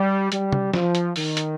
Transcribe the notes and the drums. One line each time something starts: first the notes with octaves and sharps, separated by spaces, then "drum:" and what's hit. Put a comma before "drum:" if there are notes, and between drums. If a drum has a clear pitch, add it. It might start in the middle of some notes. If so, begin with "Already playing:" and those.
Already playing: G3
G3, drum: hi-hat
drum: tom C3
F3, drum: snare
drum: hi-hat
D#3, drum: open hi-hat
drum: hi-hat